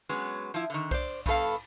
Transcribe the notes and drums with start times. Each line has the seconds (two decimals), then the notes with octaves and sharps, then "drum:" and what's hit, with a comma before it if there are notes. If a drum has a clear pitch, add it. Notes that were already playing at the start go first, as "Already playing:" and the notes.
0.09 F#3 G#3 B3 C#4
0.54 F3 E4
0.70 D3 D#3
0.91 C5 D5, drum: kick B1, cymbal
1.26 G2 B3 A4 F5, drum: kick B1, cymbal